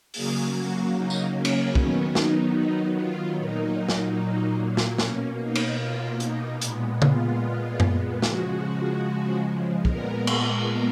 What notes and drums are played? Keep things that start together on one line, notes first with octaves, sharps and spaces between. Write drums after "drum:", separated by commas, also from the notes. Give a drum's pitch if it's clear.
C#3 F#3 A#3 G#4, drum: open hi-hat
F#4
D#4
drum: tambourine
C#4
drum: cymbal
D#3 F#3 B3 C#4, drum: kick
D#4, drum: snare
D#4
F4
A#2 F#3 A#3 D#4
drum: snare
drum: snare
B2 A#3 C#4, drum: snare
D#4
drum: cymbal
F4
D#4, drum: hi-hat
A#2 G#3 B3, drum: hi-hat
F4, drum: tom C#3
drum: tom F#2
C#3 F3 G#3 F#4, drum: snare
A#2 G#3 B3 A#4, drum: kick
drum: cymbal